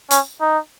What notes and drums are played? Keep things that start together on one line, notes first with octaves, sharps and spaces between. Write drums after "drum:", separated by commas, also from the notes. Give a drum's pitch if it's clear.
C#4, drum: hi-hat
D#4